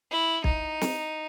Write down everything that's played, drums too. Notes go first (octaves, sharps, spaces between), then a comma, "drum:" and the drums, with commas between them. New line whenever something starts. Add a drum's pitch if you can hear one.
E4
D#4, drum: kick
drum: snare